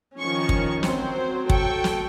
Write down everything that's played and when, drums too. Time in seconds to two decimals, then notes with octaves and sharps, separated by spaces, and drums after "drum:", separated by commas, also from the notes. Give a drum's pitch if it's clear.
0.19 D#3 F3 C#4 C#6
0.49 drum: kick
0.83 F#3 C4 C5, drum: snare
1.50 A4 G5 C#6, drum: kick
1.84 drum: snare